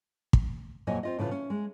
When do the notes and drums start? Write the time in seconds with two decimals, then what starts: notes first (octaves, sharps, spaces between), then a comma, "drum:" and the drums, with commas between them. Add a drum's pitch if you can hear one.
0.33 drum: kick
0.87 F2 A#2 F#3 C#5 D#5 G#5
1.03 C4 F4 D#5
1.19 A2 C#3 E3 F4
1.31 C#4
1.50 G#3